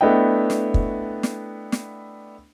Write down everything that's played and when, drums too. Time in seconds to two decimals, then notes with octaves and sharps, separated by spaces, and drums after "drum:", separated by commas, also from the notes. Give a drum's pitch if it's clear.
0.01 A3 B3 D4 E4 D#5 G5
0.50 drum: snare
0.74 drum: kick
1.23 drum: snare
1.72 drum: snare